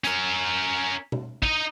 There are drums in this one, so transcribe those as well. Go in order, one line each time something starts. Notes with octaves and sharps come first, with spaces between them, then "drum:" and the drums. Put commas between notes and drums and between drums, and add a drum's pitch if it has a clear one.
C#4 A#4, drum: hi-hat
drum: tom B2
D#4 D#5, drum: kick